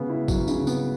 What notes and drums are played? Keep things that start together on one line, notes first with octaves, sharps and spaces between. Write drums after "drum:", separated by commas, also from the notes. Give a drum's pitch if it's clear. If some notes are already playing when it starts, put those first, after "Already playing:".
Already playing: C#3 B3
E4
F#3, drum: kick, tambourine
C#3, drum: tambourine
B3, drum: tambourine